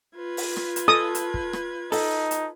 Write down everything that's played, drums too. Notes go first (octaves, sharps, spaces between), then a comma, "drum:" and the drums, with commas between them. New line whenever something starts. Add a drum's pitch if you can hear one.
F4 B4 G#6
drum: open hi-hat
drum: rim click
drum: hi-hat
A4 D#6
drum: hi-hat
drum: kick
drum: rim click
D#4 A4, drum: open hi-hat
drum: hi-hat